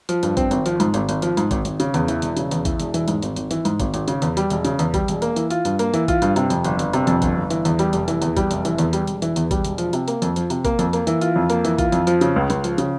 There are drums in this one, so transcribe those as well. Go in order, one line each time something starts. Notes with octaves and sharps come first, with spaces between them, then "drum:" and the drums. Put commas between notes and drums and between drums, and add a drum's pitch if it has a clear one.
F3, drum: hi-hat
G2, drum: hi-hat
C4, drum: kick, hi-hat
G#1, drum: hi-hat
F3, drum: hi-hat
G#2, drum: hi-hat
G#1, drum: hi-hat
G#1, drum: hi-hat
F3, drum: hi-hat
G#2, drum: hi-hat
G#1, drum: kick, hi-hat
G#1, drum: hi-hat
C#3, drum: hi-hat
E2, drum: hi-hat
E3, drum: hi-hat
E1, drum: hi-hat
C#3, drum: hi-hat
E2, drum: hi-hat
E3, drum: kick, hi-hat
E1, drum: hi-hat
E3, drum: hi-hat
G#2, drum: hi-hat
G#1, drum: hi-hat
G#1, drum: hi-hat
E3, drum: hi-hat
G#2, drum: hi-hat
G#1, drum: kick, hi-hat
G#1, drum: hi-hat
C#3, drum: hi-hat
E2, drum: hi-hat
G3, drum: hi-hat
E1, drum: hi-hat
C#3, drum: hi-hat
E2, drum: hi-hat
G3, drum: kick, hi-hat
E1, drum: hi-hat
A#3, drum: hi-hat
E3, drum: hi-hat
F4, drum: hi-hat
G2, drum: hi-hat
A#3, drum: hi-hat
E3, drum: hi-hat
F4, drum: kick, hi-hat
G2, drum: hi-hat
C3, drum: hi-hat
F2, drum: hi-hat
G1, drum: hi-hat
G1, drum: hi-hat
C3, drum: hi-hat
F2, drum: hi-hat
G1, drum: kick, hi-hat
G1
E3, drum: hi-hat
E2, drum: hi-hat
G3, drum: hi-hat
F1, drum: hi-hat
E3, drum: hi-hat
E2, drum: hi-hat
G3, drum: kick, hi-hat
F1, drum: hi-hat
E3, drum: hi-hat
E2, drum: hi-hat
G3, drum: hi-hat
E1, drum: hi-hat
E3, drum: hi-hat
E2, drum: hi-hat
G3, drum: kick, hi-hat
E1, drum: hi-hat
F3, drum: hi-hat
C3, drum: hi-hat
A#3, drum: hi-hat
F2, drum: hi-hat
F3, drum: hi-hat
C3, drum: hi-hat
A#3, drum: kick, hi-hat
F2, drum: hi-hat
A#3, drum: hi-hat
E3, drum: hi-hat
F4, drum: hi-hat
F2
A#3, drum: hi-hat
E3, drum: hi-hat
F4, drum: kick, hi-hat
F2, drum: hi-hat
F3, drum: hi-hat
C#3, drum: hi-hat
C#2
C#2, drum: hi-hat
F3, drum: hi-hat
C#3, drum: hi-hat